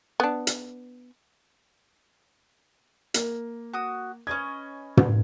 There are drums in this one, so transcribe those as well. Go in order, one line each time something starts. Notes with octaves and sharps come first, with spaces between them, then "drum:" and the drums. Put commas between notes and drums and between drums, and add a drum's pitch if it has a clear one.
B3 D4
drum: hi-hat
A#3, drum: hi-hat
F#4 D#6
C#4 B4 D#5 G#6
drum: tom